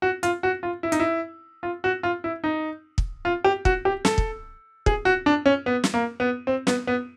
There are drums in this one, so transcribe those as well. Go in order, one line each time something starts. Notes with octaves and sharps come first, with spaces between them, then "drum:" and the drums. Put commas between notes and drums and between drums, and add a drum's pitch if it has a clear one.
F#4
F4, drum: hi-hat
F#4
F4
E4
D#4, drum: hi-hat
E4
F4
F#4
F4
E4
D#4
drum: kick
F4
G4
F#4, drum: kick
G4
A4, drum: snare
drum: kick
G#4, drum: kick
F#4
D4
C#4
B3
drum: snare
A#3
B3
C4
B3, drum: snare
B3